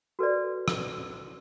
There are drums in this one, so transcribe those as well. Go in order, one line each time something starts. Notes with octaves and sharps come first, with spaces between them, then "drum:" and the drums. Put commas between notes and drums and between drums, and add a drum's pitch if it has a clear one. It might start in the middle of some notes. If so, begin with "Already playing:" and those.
F#4 A4 B4 D5
drum: rim click